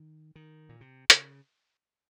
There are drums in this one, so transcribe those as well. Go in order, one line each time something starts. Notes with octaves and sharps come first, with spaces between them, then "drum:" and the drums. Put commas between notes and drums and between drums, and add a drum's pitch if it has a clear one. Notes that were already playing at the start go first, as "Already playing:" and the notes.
Already playing: D#3
D#3
A#2
C3
C#3, drum: hi-hat